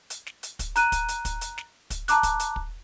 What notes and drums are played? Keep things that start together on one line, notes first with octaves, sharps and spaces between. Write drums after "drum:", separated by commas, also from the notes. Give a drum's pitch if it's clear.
drum: hi-hat
drum: snare
drum: hi-hat
drum: kick, hi-hat
A#5 F#6 D#7, drum: hi-hat
drum: kick, hi-hat
drum: hi-hat
drum: kick, hi-hat
drum: hi-hat
drum: snare
drum: kick, hi-hat
A5 A#5 D6 F#6, drum: hi-hat
drum: kick, hi-hat
drum: hi-hat
drum: kick